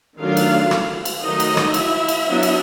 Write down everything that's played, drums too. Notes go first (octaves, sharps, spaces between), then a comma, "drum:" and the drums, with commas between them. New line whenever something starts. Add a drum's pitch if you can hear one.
D#3 F#3 A3 D4 F4 F5
drum: cymbal
drum: rim click
drum: cymbal
D#3 F#3 A3 D#4 D#5
drum: cymbal
drum: rim click
E4 E5, drum: cymbal
drum: cymbal
F#3 B3 D4
drum: cymbal